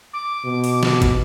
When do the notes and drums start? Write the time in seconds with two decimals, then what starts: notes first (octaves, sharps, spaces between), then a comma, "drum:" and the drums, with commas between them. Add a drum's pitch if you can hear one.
0.13 D6
0.45 B2
0.64 drum: open hi-hat
0.83 drum: snare
1.02 drum: kick, hi-hat